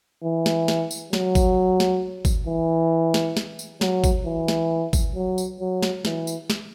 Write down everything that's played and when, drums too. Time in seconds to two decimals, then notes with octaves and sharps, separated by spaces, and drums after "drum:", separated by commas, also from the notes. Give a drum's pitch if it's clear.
0.24 E3
0.46 drum: snare
0.68 drum: snare
0.91 drum: tambourine
1.13 F#3, drum: snare
1.35 drum: kick, tambourine
1.80 drum: snare
2.25 drum: kick, tambourine
2.47 E3
3.14 drum: snare
3.37 drum: snare
3.59 drum: tambourine
3.81 F#3, drum: snare
4.04 drum: kick, tambourine
4.26 E3
4.48 drum: snare
4.93 drum: kick, tambourine
5.15 F#3
5.38 drum: tambourine
5.60 F#3
5.83 drum: snare
6.05 E3, drum: snare
6.27 drum: tambourine
6.50 drum: snare